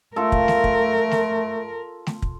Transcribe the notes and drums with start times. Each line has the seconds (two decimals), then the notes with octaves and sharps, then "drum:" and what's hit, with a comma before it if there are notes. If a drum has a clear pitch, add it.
0.16 A3 F4 A4 A#4
0.32 drum: kick
0.48 drum: snare
0.64 drum: kick
1.11 drum: snare
2.07 drum: snare
2.22 drum: kick